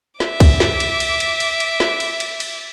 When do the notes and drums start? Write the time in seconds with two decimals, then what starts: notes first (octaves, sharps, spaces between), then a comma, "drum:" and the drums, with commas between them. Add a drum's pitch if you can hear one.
0.20 E5 D6, drum: snare
0.40 drum: kick C2, cymbal
0.60 drum: snare
0.80 drum: cymbal
1.00 drum: cymbal
1.20 drum: cymbal
1.40 drum: cymbal
1.60 drum: cymbal
1.80 drum: snare
2.00 drum: cymbal
2.20 drum: cymbal
2.40 drum: cymbal